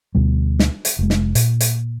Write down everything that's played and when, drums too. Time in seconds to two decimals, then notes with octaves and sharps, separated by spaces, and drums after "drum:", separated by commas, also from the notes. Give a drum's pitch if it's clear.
0.15 D2 B2 G3
0.59 drum: snare
0.85 drum: hi-hat
0.99 F1 G#3
1.10 drum: snare
1.35 A#2, drum: hi-hat
1.60 drum: hi-hat